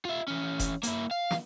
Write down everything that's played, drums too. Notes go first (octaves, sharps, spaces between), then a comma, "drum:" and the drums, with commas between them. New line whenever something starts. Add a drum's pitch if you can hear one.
F4 E5
E3 C#4
drum: kick F1, hi-hat
A#3 E4, drum: hi-hat
F5
drum: snare